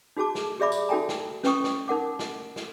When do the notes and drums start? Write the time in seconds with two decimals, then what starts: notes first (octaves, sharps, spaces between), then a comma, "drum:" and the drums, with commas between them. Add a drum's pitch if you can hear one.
0.17 D#4 F#4 G#4 A5 D6
0.35 drum: snare
0.60 G4 G#4 D5 E5 B5 D6
0.72 drum: tambourine
0.89 D#4 F#4 A4 G5 G#5 A#5
1.09 drum: snare
1.44 C#4 B4 G5 C#6 D#6, drum: snare
1.64 drum: snare
1.88 D#4 A#4 F#5 D6
2.19 drum: snare
2.56 drum: snare